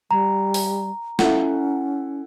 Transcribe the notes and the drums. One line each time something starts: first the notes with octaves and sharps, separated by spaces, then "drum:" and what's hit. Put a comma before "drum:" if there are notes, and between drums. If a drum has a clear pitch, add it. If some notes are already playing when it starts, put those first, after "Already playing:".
G3 A#5
drum: open hi-hat
C#4 E4 A4 F#5, drum: snare